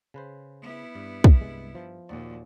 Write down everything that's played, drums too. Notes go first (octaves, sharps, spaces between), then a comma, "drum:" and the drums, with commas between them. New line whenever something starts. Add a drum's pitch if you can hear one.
C#3 B4 C5
B3 E4
G2
drum: kick
C2 G#3
F3
D#2 A#2 F#4 D5